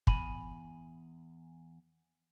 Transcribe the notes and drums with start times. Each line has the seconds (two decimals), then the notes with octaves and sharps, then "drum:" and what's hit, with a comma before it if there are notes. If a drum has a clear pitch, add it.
0.07 E2 G#5 B5, drum: kick